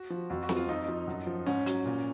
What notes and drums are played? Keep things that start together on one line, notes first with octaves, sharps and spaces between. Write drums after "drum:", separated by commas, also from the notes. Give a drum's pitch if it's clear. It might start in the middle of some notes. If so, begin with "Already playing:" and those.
Already playing: F#4
F3
F2 F#4
F#4
F3, drum: snare
F4
F2 D#4
F3
F#2
F3
G#2 C#4
F#3, drum: hi-hat
A#2